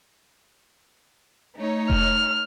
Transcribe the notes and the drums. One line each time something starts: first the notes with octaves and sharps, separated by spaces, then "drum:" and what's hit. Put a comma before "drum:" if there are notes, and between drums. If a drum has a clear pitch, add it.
A3 D#4 C#5
F6, drum: kick F1